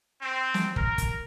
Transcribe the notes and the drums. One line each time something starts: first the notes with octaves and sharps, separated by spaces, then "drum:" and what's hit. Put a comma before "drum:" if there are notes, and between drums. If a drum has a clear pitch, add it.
C4
drum: snare
A#4, drum: kick
drum: kick, hi-hat